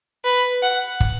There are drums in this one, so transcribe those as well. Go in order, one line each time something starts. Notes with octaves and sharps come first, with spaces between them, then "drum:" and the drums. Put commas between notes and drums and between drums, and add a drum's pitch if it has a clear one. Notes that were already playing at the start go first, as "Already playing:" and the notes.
B4
F#5
drum: kick